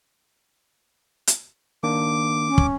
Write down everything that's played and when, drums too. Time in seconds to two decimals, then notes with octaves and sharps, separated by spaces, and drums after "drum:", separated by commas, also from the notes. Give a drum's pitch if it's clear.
1.27 drum: hi-hat
1.83 D#3 A#3 D4 D6
2.48 C#4
2.58 drum: kick